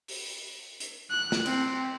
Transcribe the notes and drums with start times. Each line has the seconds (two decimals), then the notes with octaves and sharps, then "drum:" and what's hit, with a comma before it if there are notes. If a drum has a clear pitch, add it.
0.08 drum: open hi-hat
0.80 drum: hi-hat
1.10 F#6
1.32 drum: snare
1.46 C4, drum: cymbal